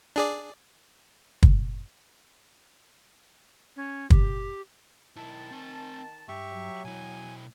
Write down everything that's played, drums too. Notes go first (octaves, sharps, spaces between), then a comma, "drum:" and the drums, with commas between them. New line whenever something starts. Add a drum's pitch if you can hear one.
D4 G#4 D5
drum: kick
C#4
G4, drum: kick
B1 D#3 E4 A5
C4 G#5
G2 G4 E5 C#6
F#3
B2 E4 G#5